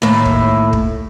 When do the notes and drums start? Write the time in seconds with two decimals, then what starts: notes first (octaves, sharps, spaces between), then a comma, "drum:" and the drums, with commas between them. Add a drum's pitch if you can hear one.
0.02 D#2 A2
0.25 drum: kick
0.73 drum: kick